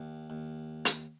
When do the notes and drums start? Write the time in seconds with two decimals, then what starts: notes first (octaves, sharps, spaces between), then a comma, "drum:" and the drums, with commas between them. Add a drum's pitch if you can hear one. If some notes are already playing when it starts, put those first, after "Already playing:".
Already playing: D#2
0.30 D#2
0.85 drum: hi-hat